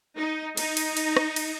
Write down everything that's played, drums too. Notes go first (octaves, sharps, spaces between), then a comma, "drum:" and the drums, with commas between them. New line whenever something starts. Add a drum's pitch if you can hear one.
D#4
D#4, drum: cymbal
drum: cymbal
drum: cymbal
drum: rim click
drum: cymbal